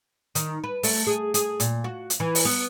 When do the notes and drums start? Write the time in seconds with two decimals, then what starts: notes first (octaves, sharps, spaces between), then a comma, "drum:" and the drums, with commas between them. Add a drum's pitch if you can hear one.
0.35 D#3, drum: hi-hat
0.64 B4
0.83 A3, drum: open hi-hat
1.07 G#4
1.34 G#4, drum: hi-hat
1.60 A#2, drum: hi-hat
1.84 F#4
2.10 drum: hi-hat
2.20 E3
2.35 drum: open hi-hat
2.45 B3